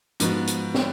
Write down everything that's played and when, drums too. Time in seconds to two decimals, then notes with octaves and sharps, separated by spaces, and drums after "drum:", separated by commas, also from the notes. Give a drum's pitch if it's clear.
0.20 G#2 F3 B3 F#4, drum: hi-hat
0.47 drum: hi-hat
0.74 drum: snare